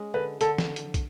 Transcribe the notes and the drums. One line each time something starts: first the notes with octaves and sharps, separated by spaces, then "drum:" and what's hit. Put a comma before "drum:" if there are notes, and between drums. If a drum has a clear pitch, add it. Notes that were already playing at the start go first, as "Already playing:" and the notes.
Already playing: G#3 C#4
D3 B4
D3 A4, drum: hi-hat
drum: snare
drum: hi-hat
drum: kick, hi-hat